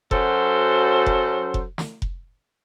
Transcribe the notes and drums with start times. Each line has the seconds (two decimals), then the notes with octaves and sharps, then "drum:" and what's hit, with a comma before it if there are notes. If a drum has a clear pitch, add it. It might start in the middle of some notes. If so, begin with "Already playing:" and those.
0.11 F#2 F#3 A4 C5, drum: kick F1
1.06 drum: kick F1
1.54 drum: kick F1
1.78 drum: snare
2.02 drum: kick F1